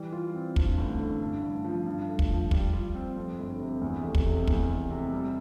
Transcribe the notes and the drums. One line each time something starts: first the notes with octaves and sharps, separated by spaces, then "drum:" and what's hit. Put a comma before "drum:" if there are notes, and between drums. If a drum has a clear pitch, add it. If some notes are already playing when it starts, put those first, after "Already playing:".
Already playing: E3 G3
F4
C4
G2, drum: kick
A1
D3
G2
A1
F3
G2
A3
drum: kick
F3
G3, drum: kick
F4
C4
F2
G1
C3
E2
F1
drum: kick
C3
E2, drum: kick
F1
C3
G3